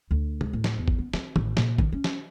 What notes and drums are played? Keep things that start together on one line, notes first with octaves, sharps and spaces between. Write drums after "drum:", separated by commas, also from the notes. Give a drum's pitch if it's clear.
D2
G#3, drum: tom
A2
drum: snare
E2
drum: kick A1
B3
C4, drum: snare
A1, drum: tom
A#2, drum: snare
D#3, drum: kick A1
C#4
drum: snare